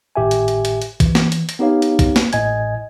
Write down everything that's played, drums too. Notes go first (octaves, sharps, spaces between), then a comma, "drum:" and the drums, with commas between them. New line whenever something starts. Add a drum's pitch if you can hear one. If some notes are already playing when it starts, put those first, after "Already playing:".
G#1 A2 G4 E5 G#5
drum: hi-hat
drum: hi-hat
drum: hi-hat
drum: hi-hat
E3, drum: kick A#1, hi-hat
drum: snare
drum: hi-hat
drum: hi-hat
B3 D#4 G4 C#5 F5
drum: hi-hat
drum: kick A#1, hi-hat
drum: snare
A1 A2 D#5 G#5 G#6, drum: hi-hat